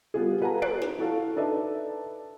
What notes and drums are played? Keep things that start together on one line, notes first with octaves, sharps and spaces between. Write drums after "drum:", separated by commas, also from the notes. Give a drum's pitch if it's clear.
G3 B3 F4 G#4
A4 B4 F5 F#5 G#5 A#5
F#6 C7 D7, drum: tom
drum: snare
E4 F#4 A4 F5
D4 D#4 A4 B4 D5 E5